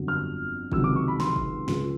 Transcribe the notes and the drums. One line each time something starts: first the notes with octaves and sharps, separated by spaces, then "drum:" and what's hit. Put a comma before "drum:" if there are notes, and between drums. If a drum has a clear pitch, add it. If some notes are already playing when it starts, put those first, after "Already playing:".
Already playing: G1 F2 D3 F#3
F6
C#2 C3 D#3 F#3 E6, drum: kick
D6
C#6
B5
C6, drum: snare
drum: kick
C#2 C#3 F3, drum: snare